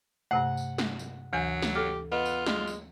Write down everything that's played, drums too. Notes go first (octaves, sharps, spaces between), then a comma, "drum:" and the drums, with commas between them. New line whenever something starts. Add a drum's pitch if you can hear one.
G2 C3 A3 F#5
drum: tambourine
drum: snare
drum: tambourine
D2 E3 F#3 G#5
drum: snare
G4 A4 F6
B3 F4 D#5
drum: tambourine
G#3, drum: snare
drum: tambourine